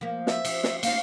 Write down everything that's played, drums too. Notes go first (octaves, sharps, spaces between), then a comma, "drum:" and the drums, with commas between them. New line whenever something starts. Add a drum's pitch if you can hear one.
F3 A#3
E5, drum: snare
F3, drum: cymbal
drum: snare
A#3 D#4 F4 F5, drum: cymbal